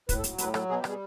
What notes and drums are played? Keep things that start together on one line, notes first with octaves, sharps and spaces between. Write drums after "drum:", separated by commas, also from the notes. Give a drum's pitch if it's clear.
A2 B4, drum: kick, hi-hat
A4
F#3, drum: hi-hat
A2 B4, drum: hi-hat
F#3 A4, drum: rim click
B2 G#4
G4
G3, drum: rim click
G#4